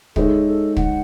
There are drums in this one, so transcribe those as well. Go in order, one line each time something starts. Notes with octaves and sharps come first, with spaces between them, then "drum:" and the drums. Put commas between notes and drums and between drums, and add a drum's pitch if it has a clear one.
G#3 D#4 G#4 A4 C#5 E5, drum: kick
A4
F#5, drum: kick